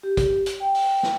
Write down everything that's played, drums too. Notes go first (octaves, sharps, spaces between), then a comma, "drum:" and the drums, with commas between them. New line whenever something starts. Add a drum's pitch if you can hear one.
G4
drum: kick, hi-hat
drum: hi-hat
G5
drum: open hi-hat
drum: snare